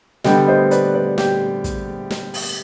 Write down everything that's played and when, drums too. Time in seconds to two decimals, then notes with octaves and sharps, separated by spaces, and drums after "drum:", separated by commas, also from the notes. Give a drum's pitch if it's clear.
0.24 D3 G3 B3 D#5 G5, drum: snare
0.48 C5 D#5
0.71 B4 D5, drum: hi-hat
0.94 B4 D5
1.18 G4, drum: snare
1.64 drum: kick, hi-hat
2.11 drum: snare
2.34 drum: open hi-hat